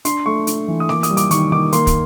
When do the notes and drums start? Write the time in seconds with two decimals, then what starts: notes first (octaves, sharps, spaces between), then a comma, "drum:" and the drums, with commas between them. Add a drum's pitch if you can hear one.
0.05 D4 C6, drum: hi-hat
0.26 A3 C#6
0.47 D4, drum: hi-hat
0.68 E3
0.80 D#6
0.89 A#3 D6, drum: snare A3
1.03 D#6, drum: hi-hat
1.10 G3
1.17 D6, drum: hi-hat
1.31 D#3 C#6, drum: hi-hat
1.52 D#3 D6
1.72 A#3 C6, drum: hi-hat
1.87 drum: kick, hi-hat